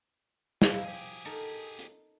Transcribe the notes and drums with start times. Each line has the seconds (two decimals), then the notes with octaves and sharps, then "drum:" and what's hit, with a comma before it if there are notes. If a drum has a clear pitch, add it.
0.62 F3 A#3 E4, drum: snare
0.85 G4 G#4
1.25 D#4 A4 A#4
1.79 drum: hi-hat